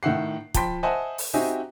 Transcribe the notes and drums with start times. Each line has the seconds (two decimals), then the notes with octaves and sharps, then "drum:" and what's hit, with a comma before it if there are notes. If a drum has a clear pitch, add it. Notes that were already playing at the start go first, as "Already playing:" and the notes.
0.03 A2 D#3 E5 F#5 C7
0.54 F3 G5 A5 B5 C6 B6, drum: kick, hi-hat
0.83 C5 D#5 E5 F#5 G#5 A5
1.18 drum: open hi-hat
1.34 C4 D#4 F#4 G4 E5 G#5